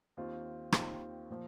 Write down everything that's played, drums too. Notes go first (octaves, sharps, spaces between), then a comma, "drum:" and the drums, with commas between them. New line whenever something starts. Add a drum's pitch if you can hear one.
D#2 D#3 C4 F4
D#2 D#3 C4 F4, drum: rim click
A#2 F3